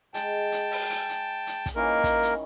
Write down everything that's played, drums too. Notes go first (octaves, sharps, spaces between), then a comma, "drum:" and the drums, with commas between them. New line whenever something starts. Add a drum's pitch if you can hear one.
G#3 G5 A5, drum: hi-hat
drum: hi-hat
drum: open hi-hat
drum: hi-hat
drum: hi-hat
drum: hi-hat
drum: kick, hi-hat
D#3 E3 A#3 C#4 A#4
drum: kick, hi-hat
drum: hi-hat